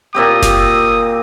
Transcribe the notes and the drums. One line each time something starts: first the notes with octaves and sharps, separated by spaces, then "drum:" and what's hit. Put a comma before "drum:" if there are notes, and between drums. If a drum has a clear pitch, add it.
A#2 C4 G4 D#6
drum: snare F#1